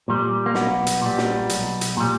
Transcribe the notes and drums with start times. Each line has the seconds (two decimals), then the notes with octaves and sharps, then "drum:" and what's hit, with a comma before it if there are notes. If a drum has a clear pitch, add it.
0.08 A#2 G3
0.46 A#3
0.55 B1 B3, drum: snare
0.87 drum: hi-hat
1.02 A#2 G3
1.18 drum: snare
1.49 B1, drum: hi-hat
1.81 drum: hi-hat
1.97 A#2 G3